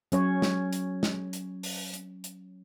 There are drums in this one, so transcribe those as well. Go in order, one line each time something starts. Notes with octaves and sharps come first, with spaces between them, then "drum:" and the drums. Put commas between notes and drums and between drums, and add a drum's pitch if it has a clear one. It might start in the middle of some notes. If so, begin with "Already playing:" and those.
F#3 C#4 C#5, drum: hi-hat
drum: snare
drum: hi-hat
drum: snare
drum: hi-hat
drum: open hi-hat
drum: hi-hat
drum: hi-hat